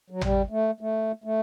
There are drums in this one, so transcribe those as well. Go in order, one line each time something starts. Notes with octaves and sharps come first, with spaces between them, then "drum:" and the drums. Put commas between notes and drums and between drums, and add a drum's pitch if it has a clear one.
F#3
G3, drum: tom
A3
A3
A3